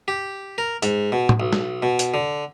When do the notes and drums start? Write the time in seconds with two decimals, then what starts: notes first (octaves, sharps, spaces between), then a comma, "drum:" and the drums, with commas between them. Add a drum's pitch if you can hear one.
0.08 G4
0.58 A#4
0.83 G#2, drum: hi-hat
1.12 B2
1.29 drum: tom
1.40 B1
1.53 drum: snare
1.82 B2
1.99 drum: hi-hat
2.14 D3